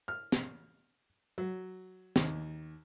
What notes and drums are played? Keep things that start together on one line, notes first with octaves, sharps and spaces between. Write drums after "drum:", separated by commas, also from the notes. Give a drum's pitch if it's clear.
F6
drum: snare
F#3
D#2, drum: snare